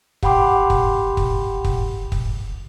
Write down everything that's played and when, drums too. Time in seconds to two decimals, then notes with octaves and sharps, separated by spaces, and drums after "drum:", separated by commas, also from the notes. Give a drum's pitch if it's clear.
0.23 G4 F#5 G5 B5 C6 D6, drum: kick
0.70 drum: kick
1.17 drum: kick
1.65 drum: kick
2.12 drum: kick